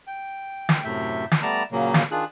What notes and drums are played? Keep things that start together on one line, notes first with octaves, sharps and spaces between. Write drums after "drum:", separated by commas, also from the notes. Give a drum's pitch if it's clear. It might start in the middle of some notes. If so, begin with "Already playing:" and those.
G5
drum: snare
F#2 A2 C3 A3 E5 G6
drum: snare
G3 A3 B3 D5 A5 A#5
A#2 C#3 F#3 A#3
drum: snare
D#3 D4 F4 G#4 F#6